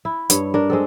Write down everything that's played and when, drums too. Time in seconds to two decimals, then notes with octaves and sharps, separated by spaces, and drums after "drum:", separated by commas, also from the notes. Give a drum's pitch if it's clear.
0.05 E4
0.30 G2 C#5, drum: hi-hat
0.54 D4 A#4
0.70 G#3 C4 A4